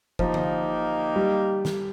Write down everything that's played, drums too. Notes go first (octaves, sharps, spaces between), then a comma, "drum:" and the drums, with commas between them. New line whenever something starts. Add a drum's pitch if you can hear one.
F3 A#3 D#4 G4, drum: kick
drum: tom D3
G3
drum: snare